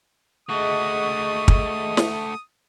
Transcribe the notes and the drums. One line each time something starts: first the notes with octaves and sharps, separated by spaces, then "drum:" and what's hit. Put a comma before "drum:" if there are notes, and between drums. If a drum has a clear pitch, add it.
A3 F#4 G#4 D#5 C#6 D#6
drum: kick
drum: snare